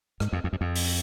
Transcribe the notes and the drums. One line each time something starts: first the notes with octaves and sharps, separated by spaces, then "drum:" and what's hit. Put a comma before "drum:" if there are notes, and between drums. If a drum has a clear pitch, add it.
G#2, drum: rim click
F2
F2
F#2
F2
drum: open hi-hat